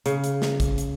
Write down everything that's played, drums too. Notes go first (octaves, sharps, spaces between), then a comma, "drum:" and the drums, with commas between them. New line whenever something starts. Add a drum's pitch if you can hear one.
C#3, drum: hi-hat
drum: hi-hat
drum: snare
drum: kick, hi-hat
drum: hi-hat